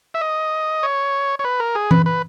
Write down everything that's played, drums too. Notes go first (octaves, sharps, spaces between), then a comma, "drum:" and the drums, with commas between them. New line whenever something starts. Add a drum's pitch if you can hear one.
E5
D#5
C#5
C#5
B4
A#4
G#4
B4, drum: tom E3
B4